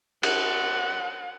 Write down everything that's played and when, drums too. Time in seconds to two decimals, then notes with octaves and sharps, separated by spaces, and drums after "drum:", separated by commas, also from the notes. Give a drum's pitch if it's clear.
0.23 F#5, drum: cymbal